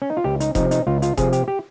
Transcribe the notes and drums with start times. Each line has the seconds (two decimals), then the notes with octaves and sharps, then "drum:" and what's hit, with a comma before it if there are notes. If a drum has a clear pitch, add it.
0.02 C#4
0.10 D#4
0.17 F4
0.24 C#2 G4
0.40 D#4, drum: hi-hat
0.55 C3 F3 D#4, drum: kick F1, hi-hat
0.71 D#4, drum: hi-hat
0.87 C#2 F4
1.02 F4, drum: hi-hat
1.17 C3 F3 G#4, drum: kick F1, hi-hat
1.33 G4, drum: hi-hat
1.48 G4